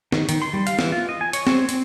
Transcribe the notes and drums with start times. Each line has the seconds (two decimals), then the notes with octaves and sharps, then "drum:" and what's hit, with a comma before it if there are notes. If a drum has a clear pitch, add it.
0.12 D#3, drum: snare
0.29 D#3, drum: hi-hat
0.42 C6
0.53 G3
0.67 F5, drum: hi-hat
0.79 E3, drum: snare
0.92 F4
1.09 D#5
1.21 G#5
1.33 C#5, drum: hi-hat
1.47 C4, drum: snare
1.69 C4, drum: hi-hat